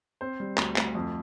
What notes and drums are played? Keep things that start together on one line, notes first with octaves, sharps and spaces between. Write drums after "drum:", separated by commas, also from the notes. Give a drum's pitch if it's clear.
C4 C5
G3
D2, drum: clap
D2, drum: clap
F2